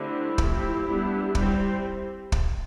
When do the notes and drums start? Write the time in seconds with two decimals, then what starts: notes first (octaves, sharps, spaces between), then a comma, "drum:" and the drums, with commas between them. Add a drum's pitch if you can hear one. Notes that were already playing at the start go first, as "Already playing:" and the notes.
Already playing: D3 A3 C4 E4 G4
0.38 F3 A3 C4, drum: kick
0.87 G3 B3 D4
1.35 G3 C4, drum: kick
2.32 drum: kick